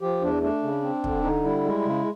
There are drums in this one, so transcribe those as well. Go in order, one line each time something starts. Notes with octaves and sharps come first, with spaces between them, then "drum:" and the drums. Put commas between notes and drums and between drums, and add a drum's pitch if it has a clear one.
F3 G4
E2 D4
A3 D4
C#3
C4
D3, drum: kick
D3 D#4
G3 E4
G#3
C#3